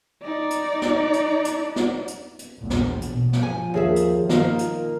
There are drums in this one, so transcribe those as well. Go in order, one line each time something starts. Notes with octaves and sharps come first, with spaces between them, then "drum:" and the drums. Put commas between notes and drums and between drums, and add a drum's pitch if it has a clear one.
D#4 D5
drum: hi-hat
drum: snare
drum: hi-hat
drum: hi-hat
drum: snare
drum: hi-hat
drum: hi-hat
A#1 E2 A2
drum: snare
B2, drum: hi-hat
drum: snare
F3 G#5
D#2 G#4 E5
drum: hi-hat
D#3 A#3, drum: snare
drum: hi-hat